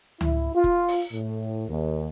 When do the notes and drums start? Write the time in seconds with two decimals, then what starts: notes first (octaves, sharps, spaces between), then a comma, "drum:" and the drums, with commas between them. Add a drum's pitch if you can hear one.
0.21 E4, drum: tom C#2
0.54 F4
0.64 drum: kick
0.88 drum: open hi-hat
1.13 A2
1.68 D#2